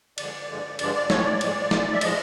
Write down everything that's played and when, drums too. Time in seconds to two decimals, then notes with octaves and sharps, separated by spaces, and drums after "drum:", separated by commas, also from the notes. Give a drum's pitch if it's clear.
0.18 G2 D3 F3 G#3 D5, drum: cymbal
0.49 G2 D3 F3 G#3
0.79 G2 D3 F3 G#3 D5, drum: cymbal
0.94 D5
1.10 A2 F3 G#3 C#5, drum: snare
1.25 D5
1.41 A2 F3 G#3, drum: cymbal
1.71 A2 F3 G#3, drum: snare
1.92 E5
2.01 A2 F3 G#3 D#5, drum: cymbal